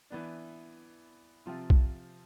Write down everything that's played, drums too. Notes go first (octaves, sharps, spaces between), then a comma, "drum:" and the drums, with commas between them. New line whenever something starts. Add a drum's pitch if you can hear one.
E3 B3 D4
C3 F3 C4 F4
drum: kick B1